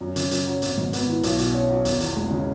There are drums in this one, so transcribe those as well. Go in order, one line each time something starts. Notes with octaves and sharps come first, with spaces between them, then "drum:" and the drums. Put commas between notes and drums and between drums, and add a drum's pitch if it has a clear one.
F#2
C#3, drum: hi-hat
F#2, drum: hi-hat
F#3
G#1, drum: hi-hat
G#2
B3, drum: hi-hat
E3
B1, drum: hi-hat
B2, drum: hi-hat
C#4
F#3
E1, drum: hi-hat
E2, drum: hi-hat
G#3
C#3